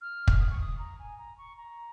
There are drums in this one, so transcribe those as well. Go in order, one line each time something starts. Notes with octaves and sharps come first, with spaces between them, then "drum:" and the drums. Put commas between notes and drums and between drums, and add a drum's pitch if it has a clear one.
F6
drum: kick
D#6
C#6
D#6
A#5
G#5
A#5
C#6
A#5